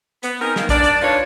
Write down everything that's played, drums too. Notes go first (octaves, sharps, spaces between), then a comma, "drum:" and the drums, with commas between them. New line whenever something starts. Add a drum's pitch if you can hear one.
B3, drum: hi-hat
C4 D#4 G#4 A#4
D#3 A#3, drum: snare
D4 D5, drum: kick, hi-hat
drum: hi-hat
D4 D#4 F4 A4 B4 C#5